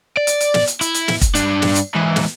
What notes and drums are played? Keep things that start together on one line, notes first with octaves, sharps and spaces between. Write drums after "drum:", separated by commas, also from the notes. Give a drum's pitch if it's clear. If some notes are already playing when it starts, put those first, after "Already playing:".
D5
drum: hi-hat
drum: hi-hat
drum: snare
drum: hi-hat
E4, drum: hi-hat
drum: hi-hat
drum: snare
drum: kick, hi-hat
G2 D4, drum: hi-hat
drum: snare
drum: hi-hat
G#2 E3
drum: snare